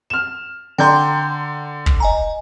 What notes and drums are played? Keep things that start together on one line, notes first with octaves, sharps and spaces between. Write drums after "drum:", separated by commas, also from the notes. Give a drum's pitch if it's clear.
F6 E7
D3 D5 G5 A#5 C6 G6
drum: kick
D#5 G#5 A#5